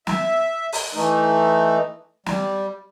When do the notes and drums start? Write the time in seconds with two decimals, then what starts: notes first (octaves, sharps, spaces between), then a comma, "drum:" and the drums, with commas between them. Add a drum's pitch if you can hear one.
0.07 E5, drum: snare
0.73 drum: open hi-hat
0.95 E3 A3 D#4
2.26 G3, drum: snare